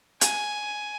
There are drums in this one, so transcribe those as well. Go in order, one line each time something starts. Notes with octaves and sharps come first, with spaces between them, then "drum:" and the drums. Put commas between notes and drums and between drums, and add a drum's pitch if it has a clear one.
G#5, drum: hi-hat